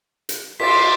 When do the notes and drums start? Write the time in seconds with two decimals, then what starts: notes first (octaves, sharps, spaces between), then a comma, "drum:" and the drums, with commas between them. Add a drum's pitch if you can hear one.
0.29 drum: hi-hat
0.60 C6 D6 A6 B6, drum: cymbal